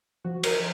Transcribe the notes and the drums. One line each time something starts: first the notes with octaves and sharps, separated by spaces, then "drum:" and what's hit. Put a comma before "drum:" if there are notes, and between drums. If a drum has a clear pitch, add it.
F3 F#4
F3 A#4, drum: cymbal